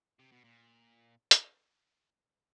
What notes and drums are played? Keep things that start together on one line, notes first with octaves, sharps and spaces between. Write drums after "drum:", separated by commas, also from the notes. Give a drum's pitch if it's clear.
C3
B2
A#2
drum: hi-hat